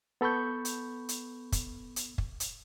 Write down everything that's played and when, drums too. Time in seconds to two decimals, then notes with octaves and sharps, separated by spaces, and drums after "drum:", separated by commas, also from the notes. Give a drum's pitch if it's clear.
0.21 B3 A4 B5 C#6 G6
0.65 drum: hi-hat
1.09 drum: hi-hat
1.52 drum: kick, hi-hat
1.96 drum: hi-hat
2.18 drum: kick
2.40 drum: hi-hat